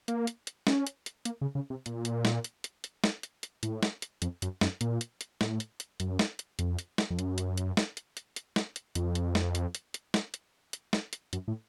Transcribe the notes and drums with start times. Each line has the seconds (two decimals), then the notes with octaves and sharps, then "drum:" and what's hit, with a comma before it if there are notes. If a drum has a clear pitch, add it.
0.08 A#3, drum: hi-hat
0.27 drum: hi-hat
0.47 drum: hi-hat
0.67 C#4, drum: snare
0.87 drum: hi-hat
1.06 drum: hi-hat
1.25 A#3, drum: hi-hat
1.41 C#3
1.55 C#3
1.70 C3
1.86 A#2, drum: hi-hat
2.05 drum: hi-hat
2.25 drum: snare
2.44 drum: hi-hat
2.64 drum: hi-hat
2.84 drum: hi-hat
3.04 drum: snare
3.23 drum: hi-hat
3.43 drum: hi-hat
3.63 A2, drum: hi-hat
3.83 drum: snare
4.02 drum: hi-hat
4.22 F2, drum: hi-hat
4.42 F#2, drum: hi-hat
4.61 F#2, drum: snare
4.81 A#2, drum: hi-hat
5.01 drum: hi-hat
5.21 drum: hi-hat
5.41 A2, drum: snare
5.60 drum: hi-hat
5.80 drum: hi-hat
6.00 F#2, drum: hi-hat
6.19 drum: snare
6.39 drum: hi-hat
6.59 F2, drum: hi-hat
6.79 drum: hi-hat
6.98 drum: snare
7.10 F2
7.19 F#2, drum: hi-hat
7.38 drum: hi-hat
7.57 drum: hi-hat
7.77 drum: snare
7.97 drum: hi-hat
8.17 drum: hi-hat
8.36 drum: hi-hat
8.56 drum: snare
8.76 drum: hi-hat
8.95 F2, drum: hi-hat
9.15 drum: hi-hat
9.35 drum: snare
9.55 drum: hi-hat
9.75 drum: hi-hat
9.94 drum: hi-hat
10.14 drum: snare
10.34 drum: hi-hat
10.73 drum: hi-hat
10.93 drum: snare
11.13 drum: hi-hat
11.33 F#2, drum: hi-hat
11.48 A2